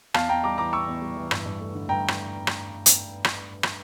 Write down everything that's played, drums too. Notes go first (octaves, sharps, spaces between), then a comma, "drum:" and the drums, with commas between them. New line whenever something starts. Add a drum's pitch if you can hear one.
E2 F5 A5, drum: rim click
E2 G5 A#5
G3 A#5 D6
E3 A#5 D6
E2 C#6 E6
E2
G3
E3
G2, drum: rim click
G2
A3
D3
G2 G5 A#5
drum: rim click
drum: rim click
drum: hi-hat
drum: rim click
drum: rim click